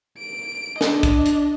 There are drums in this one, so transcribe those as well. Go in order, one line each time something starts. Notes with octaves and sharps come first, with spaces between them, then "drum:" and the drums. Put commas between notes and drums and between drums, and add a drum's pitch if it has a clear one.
D7
D4 D#5, drum: snare
drum: kick, hi-hat
drum: hi-hat